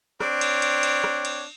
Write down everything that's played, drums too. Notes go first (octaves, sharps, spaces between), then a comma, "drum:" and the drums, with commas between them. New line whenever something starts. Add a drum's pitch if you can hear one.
C4 D4 C#5, drum: rim click
drum: cymbal
drum: cymbal
drum: cymbal
drum: rim click
drum: cymbal